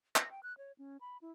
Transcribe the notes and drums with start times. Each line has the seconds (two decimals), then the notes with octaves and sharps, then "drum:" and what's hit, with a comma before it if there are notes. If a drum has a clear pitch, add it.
0.16 A#6, drum: clap
0.31 G5
0.43 F#6
0.58 C#5
0.78 C#4
1.01 B5
1.22 E4